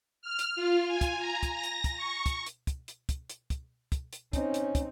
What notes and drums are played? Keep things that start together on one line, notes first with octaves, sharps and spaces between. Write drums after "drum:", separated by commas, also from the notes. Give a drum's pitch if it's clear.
F6
drum: hi-hat
F4
G#5
drum: kick, hi-hat
A#5
drum: kick, hi-hat
A#6
drum: hi-hat
drum: kick, hi-hat
C#6
drum: kick, hi-hat
drum: hi-hat
drum: kick, hi-hat
drum: hi-hat
drum: kick, hi-hat
drum: hi-hat
drum: kick, hi-hat
drum: kick, hi-hat
drum: hi-hat
C4 C#4 D#4, drum: kick, hi-hat
drum: hi-hat
drum: kick, hi-hat